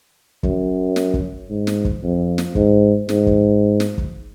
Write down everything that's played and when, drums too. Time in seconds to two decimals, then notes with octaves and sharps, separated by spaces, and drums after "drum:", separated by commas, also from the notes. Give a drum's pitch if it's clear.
0.43 F#2, drum: kick G1
0.96 drum: snare
1.14 drum: kick G1
1.50 G#2
1.67 drum: snare
1.85 drum: kick G1
2.03 F2
2.38 drum: snare
2.55 G#2, drum: kick G1
3.09 G#2, drum: snare
3.27 drum: kick G1
3.80 drum: snare
3.98 drum: kick G1